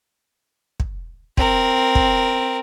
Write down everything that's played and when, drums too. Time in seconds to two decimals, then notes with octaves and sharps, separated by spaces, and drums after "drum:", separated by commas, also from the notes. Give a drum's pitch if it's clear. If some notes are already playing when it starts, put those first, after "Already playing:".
0.80 drum: kick
1.37 C4 A#4, drum: kick
1.95 drum: kick